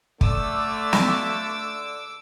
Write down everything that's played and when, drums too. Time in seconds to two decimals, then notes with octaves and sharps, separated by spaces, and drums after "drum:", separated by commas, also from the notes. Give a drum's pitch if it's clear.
0.21 D3 A3 D6 E6, drum: kick
0.93 drum: snare